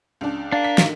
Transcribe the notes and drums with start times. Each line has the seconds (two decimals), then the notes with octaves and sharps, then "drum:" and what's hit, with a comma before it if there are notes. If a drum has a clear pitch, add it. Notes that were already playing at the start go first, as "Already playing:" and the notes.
0.21 C#2 D4
0.52 D4 A#4 F5
0.64 B6
0.78 D3 D#3, drum: snare